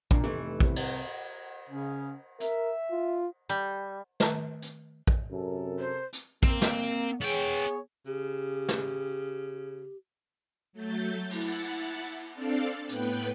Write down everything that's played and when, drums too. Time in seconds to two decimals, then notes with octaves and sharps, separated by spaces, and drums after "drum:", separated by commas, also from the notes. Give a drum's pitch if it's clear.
0.11 A#2 D4, drum: kick A#1
0.24 F1 E3 A3 B3
0.60 C2 C4 B4, drum: kick A#1
0.76 drum: cymbal
1.69 C#3 C#4
2.40 A#4 E5, drum: hi-hat
2.91 F4
3.49 G3
4.20 D#3 A3 A5 A#5, drum: snare
4.62 drum: hi-hat
5.07 drum: kick A#1
5.31 F#2 C3 A4 A#4
5.79 C5
6.12 drum: hi-hat
6.43 A#3 C4, drum: kick A#1
6.62 drum: snare
7.21 B3 G#4 C#5 G5
8.06 C#3 G4
8.69 drum: snare
10.73 F#3 A3 G6 A6
11.30 E4 F#5 A6, drum: cymbal
12.35 C4 D4 A4 D5 F5
12.89 A2 B3 B4 G5 F#6, drum: hi-hat